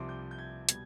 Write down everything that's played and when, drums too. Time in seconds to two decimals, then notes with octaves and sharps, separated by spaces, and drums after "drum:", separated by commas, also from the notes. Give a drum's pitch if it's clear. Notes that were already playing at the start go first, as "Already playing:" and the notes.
Already playing: C2 C3 F3 C6 D6
0.09 G6
0.31 G6
0.38 G#6
0.69 B2 G3 G#6, drum: hi-hat